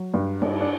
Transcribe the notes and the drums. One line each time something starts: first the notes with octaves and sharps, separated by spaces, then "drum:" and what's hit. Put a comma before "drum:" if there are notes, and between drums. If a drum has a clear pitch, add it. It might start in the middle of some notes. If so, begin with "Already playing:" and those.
Already playing: F#3
G2
G2, drum: cymbal
D4